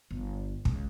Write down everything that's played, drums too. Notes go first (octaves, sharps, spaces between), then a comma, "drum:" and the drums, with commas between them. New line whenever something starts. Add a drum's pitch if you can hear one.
G1
C#2, drum: kick